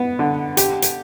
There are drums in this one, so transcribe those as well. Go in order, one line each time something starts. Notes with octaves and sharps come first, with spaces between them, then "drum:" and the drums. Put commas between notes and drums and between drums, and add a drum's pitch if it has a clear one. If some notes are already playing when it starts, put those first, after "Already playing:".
Already playing: B3
D3
G4, drum: hi-hat
drum: hi-hat